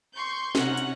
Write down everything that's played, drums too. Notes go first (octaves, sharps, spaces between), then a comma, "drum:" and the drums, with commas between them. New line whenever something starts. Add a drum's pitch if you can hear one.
C6 C#6 G6
C3 C#4 D#4 C#5 F#5 F#6, drum: snare
drum: hi-hat